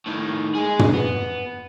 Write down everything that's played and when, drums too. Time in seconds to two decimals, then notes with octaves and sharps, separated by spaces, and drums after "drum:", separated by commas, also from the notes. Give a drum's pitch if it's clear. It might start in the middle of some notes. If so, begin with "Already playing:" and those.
0.06 A2 D#3
0.55 G#3 G#4
0.79 drum: tom
0.93 B3